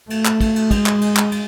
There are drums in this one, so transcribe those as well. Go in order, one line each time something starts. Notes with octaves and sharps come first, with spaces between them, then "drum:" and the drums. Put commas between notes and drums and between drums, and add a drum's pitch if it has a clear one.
A3, drum: cymbal
drum: clap
drum: kick, cymbal
drum: cymbal
G#3, drum: kick, cymbal
drum: clap
drum: cymbal
drum: clap
drum: cymbal